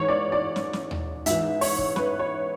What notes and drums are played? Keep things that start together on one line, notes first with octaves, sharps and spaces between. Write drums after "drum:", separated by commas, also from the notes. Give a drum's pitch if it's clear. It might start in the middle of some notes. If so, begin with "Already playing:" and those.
Already playing: G#2 E3 C#5
D5
D5
drum: snare
drum: snare
drum: tom D#2
G#2 E3 E5, drum: hi-hat
C#5, drum: open hi-hat
drum: kick
B4, drum: snare
C#5